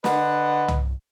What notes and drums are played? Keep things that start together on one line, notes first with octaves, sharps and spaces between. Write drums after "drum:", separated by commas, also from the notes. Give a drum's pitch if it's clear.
D3 B4 D#5 F#5, drum: snare
drum: tom